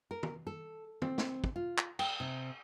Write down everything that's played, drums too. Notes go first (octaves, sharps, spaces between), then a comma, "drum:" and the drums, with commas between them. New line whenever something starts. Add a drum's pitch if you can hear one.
A#4
drum: tom
A4
C4, drum: tom
drum: snare
drum: kick
F4
drum: clap
G5, drum: cymbal
C3